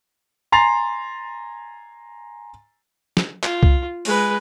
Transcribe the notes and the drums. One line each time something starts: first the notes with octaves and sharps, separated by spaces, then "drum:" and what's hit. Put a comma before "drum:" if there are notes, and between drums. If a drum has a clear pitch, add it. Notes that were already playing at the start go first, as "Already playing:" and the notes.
G#5 A#5 C6 A6 C7 F7
drum: snare
F4, drum: clap
drum: kick
G#3 B4, drum: open hi-hat